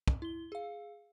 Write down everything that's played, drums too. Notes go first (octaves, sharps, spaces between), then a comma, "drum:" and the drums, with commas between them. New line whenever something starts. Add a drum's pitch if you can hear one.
drum: kick
E4 G7
G#4 F5